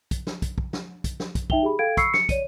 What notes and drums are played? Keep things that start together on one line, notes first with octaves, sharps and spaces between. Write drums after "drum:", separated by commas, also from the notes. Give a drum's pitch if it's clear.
drum: kick, hi-hat
drum: snare
drum: kick, hi-hat
drum: kick
drum: snare
drum: kick, hi-hat
drum: snare
drum: kick, hi-hat
D#4 E5 G5 F7 G7, drum: kick
G4 G#4 B5
A4 F5 G5 G#6 D7
B5 C#6 E6 C7 C#7, drum: kick, hi-hat
C#7, drum: snare
C#5 D5 D#7, drum: kick, hi-hat